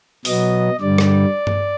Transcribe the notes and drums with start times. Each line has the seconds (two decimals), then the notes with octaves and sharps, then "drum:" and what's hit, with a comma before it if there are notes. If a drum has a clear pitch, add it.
0.25 B2 F#3 B3 D#5, drum: open hi-hat
0.80 G2 D3 G3 D5
0.98 drum: rim click
1.47 drum: tom G2